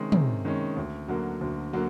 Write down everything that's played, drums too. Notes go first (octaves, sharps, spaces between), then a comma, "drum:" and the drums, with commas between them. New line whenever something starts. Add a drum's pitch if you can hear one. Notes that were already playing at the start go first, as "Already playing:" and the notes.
Already playing: C3 D#3 G#3 C#4
C3, drum: tom
D#3 G#3 C#4
D2
D3 F#3 A#3
D2
D3 F#3 A#3